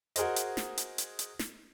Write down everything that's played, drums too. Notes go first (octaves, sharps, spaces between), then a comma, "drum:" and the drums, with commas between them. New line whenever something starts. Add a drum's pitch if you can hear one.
F#4 G#4 A#4 C5 D#5, drum: hi-hat
drum: hi-hat
drum: snare
drum: hi-hat
drum: hi-hat
drum: hi-hat
drum: snare